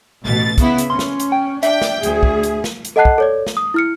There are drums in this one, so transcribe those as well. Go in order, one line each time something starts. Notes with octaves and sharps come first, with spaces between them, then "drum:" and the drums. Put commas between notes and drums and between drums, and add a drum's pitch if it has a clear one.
A1 B2 A6
C#3 B3 E4, drum: kick, hi-hat
drum: hi-hat
C#4 C6
drum: snare
drum: hi-hat
G5
D4 E5 G5, drum: hi-hat
drum: snare
D2 G#4, drum: hi-hat
drum: kick
drum: hi-hat
drum: snare
drum: hi-hat
A4 D#5 F#5 A5 F#6 C7
drum: kick
A4 C#5 D5
drum: snare
D#6
E4 F6 C#7